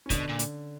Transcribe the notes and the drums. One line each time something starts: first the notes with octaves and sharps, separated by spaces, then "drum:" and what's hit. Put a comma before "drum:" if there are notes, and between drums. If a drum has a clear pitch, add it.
C#4
B2 D3 D4, drum: kick, hi-hat
A#2
drum: hi-hat